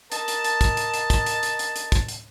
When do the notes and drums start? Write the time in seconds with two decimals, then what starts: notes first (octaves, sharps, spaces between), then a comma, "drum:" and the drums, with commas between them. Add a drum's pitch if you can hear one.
0.12 A#4 D#5 A5, drum: hi-hat
0.28 drum: hi-hat
0.44 drum: hi-hat
0.61 drum: kick, hi-hat
0.77 drum: hi-hat
0.94 drum: hi-hat
1.10 drum: kick, hi-hat
1.26 drum: hi-hat
1.43 drum: hi-hat
1.59 drum: hi-hat
1.76 drum: hi-hat
1.92 drum: kick, hi-hat
2.08 drum: hi-hat